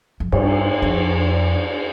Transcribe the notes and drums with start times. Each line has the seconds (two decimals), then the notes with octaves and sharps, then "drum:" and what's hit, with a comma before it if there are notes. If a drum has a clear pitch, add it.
0.20 F2
0.32 G2, drum: cymbal
0.82 F2